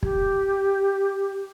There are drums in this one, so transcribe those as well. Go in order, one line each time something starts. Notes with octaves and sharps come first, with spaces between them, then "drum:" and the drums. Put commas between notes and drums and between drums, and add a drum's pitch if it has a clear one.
G4, drum: kick